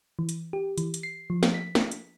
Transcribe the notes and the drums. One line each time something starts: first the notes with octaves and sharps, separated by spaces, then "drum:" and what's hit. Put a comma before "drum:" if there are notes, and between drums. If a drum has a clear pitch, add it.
E3
drum: hi-hat
G4
E3, drum: hi-hat
drum: hi-hat
C7
F3
drum: snare
B6
drum: snare
drum: hi-hat